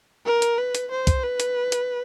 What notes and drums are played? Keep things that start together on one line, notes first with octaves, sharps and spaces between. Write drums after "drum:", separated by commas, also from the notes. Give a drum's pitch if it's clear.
A#4
drum: hi-hat
B4
drum: hi-hat
C5
drum: kick C2, hi-hat
B4
drum: hi-hat
drum: hi-hat